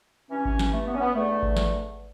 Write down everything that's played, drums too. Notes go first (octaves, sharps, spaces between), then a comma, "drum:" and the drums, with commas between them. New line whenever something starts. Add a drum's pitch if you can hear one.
G2 E3 C#4
C#4, drum: kick G#1
C#4, drum: snare
A3
B3
C#4
B3
E2 D3 A3
drum: kick G#1
drum: snare